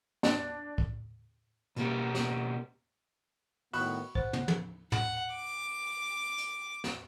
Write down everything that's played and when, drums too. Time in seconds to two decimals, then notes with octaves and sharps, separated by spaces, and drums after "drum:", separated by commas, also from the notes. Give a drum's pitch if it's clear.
0.23 D4, drum: snare
0.78 drum: kick
1.76 B2 A#3 G4, drum: hi-hat
2.15 drum: snare
3.73 A2 D#3 B3 F#4 B5 C#6 F#6, drum: open hi-hat
4.15 B4 C5 F#5, drum: kick
4.33 drum: tom
4.48 drum: tom
4.92 F#5, drum: tom
5.33 D6
6.38 drum: hi-hat
6.84 drum: snare